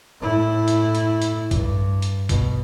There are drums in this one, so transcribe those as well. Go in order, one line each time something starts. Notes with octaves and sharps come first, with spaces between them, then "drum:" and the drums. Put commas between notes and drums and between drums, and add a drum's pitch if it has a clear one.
A2 E4
drum: hi-hat
drum: hi-hat
drum: hi-hat
G2, drum: kick A#1, hi-hat
drum: hi-hat
B2, drum: kick A#1, hi-hat